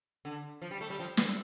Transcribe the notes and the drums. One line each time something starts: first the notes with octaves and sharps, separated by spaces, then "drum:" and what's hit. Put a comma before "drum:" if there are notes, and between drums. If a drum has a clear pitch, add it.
D3
F3
G3
A3
G3
F3
E3, drum: snare